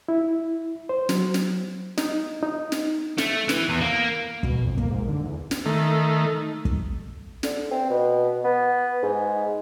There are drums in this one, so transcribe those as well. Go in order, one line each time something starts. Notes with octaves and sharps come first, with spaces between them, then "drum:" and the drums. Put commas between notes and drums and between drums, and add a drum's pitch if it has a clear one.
E4
C5
F#3, drum: snare
drum: snare
D#4, drum: snare
D#4
drum: snare
A3, drum: snare
E3, drum: snare
E2
A#3
B2, drum: kick
F2
A#3, drum: kick
G#2
D3
E2
drum: snare
D#3 A3
drum: kick
D3, drum: snare
C4
B2
B3
G#2